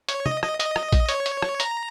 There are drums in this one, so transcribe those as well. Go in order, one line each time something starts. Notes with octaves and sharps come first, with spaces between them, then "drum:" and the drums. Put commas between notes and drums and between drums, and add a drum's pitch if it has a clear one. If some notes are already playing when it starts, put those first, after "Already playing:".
C#5, drum: hi-hat
D#5, drum: tom
D#5, drum: rim click
D#5, drum: hi-hat
drum: rim click
drum: kick A#1, hi-hat
C#5, drum: hi-hat
drum: hi-hat
drum: rim click
A#5, drum: hi-hat